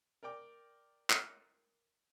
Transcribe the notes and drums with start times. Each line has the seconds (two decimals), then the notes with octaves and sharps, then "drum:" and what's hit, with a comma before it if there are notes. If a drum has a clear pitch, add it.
0.23 A#4 D5 G5 D6
1.10 drum: clap